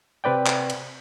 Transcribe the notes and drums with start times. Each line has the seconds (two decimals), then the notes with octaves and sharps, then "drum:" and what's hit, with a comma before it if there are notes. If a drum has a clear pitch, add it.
0.24 C3 C4 B4 D5 G5
0.47 drum: clap
0.70 drum: cymbal